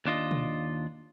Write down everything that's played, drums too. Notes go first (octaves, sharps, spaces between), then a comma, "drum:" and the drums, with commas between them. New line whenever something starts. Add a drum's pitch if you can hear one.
D#2 D4 F4 D#5
drum: tom B2